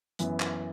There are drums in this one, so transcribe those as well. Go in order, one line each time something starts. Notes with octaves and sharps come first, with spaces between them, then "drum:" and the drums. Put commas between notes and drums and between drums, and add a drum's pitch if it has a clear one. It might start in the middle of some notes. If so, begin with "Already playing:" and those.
F#2 E3 B3, drum: hi-hat
drum: clap